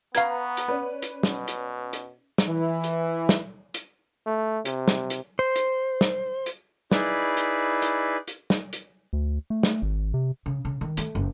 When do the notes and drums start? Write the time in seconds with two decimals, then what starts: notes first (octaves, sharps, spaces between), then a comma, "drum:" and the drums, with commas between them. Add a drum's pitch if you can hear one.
0.15 B3 B4 F5 A#5 C#6 G#6, drum: hi-hat
0.57 drum: hi-hat
0.68 C#4 B4 D5
1.02 drum: hi-hat
1.23 B2, drum: snare
1.48 drum: hi-hat
1.93 drum: hi-hat
2.38 drum: snare
2.48 E3
2.84 drum: hi-hat
3.29 drum: snare
3.74 drum: hi-hat
4.26 A3
4.65 C3, drum: hi-hat
4.88 drum: snare
5.10 drum: hi-hat
5.39 C5
5.56 drum: hi-hat
6.01 drum: snare
6.46 drum: hi-hat
6.92 D#4 E4 G#4 B4 D5, drum: snare
7.37 drum: hi-hat
7.82 drum: hi-hat
8.27 drum: hi-hat
8.50 drum: snare
8.73 drum: hi-hat
9.13 D2
9.50 A3
9.63 drum: snare
9.82 G#1
10.14 C3
10.46 C#3
10.65 C#3
10.81 D#3
10.97 A3, drum: hi-hat
11.15 F#1